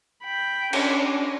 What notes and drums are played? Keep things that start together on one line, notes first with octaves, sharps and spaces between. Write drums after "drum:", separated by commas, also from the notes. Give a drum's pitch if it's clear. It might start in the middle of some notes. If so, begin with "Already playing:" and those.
G5 B5
C#4 D4, drum: cymbal